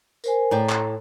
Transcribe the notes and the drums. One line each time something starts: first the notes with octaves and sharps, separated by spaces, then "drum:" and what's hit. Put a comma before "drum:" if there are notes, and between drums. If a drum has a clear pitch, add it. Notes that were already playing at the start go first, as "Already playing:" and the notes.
A#4 C5 G#5, drum: tambourine
A2 D5 G5 A#5
drum: clap